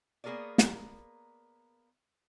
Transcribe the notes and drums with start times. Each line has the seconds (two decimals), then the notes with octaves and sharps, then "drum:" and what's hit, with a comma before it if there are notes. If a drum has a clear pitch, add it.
0.24 A#3 B3 G#4 A#4 C#5 D5
0.58 drum: snare